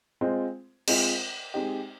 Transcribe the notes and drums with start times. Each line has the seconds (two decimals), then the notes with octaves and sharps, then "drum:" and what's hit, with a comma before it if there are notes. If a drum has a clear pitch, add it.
0.21 G#3 C4 F4 C5
0.88 G#3 C4 F4 C5, drum: cymbal
1.54 G#3 C4 D#4 G4